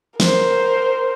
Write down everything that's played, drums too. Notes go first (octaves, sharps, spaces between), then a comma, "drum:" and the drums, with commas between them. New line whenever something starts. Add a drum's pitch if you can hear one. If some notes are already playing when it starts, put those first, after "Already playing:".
A#4 C5, drum: snare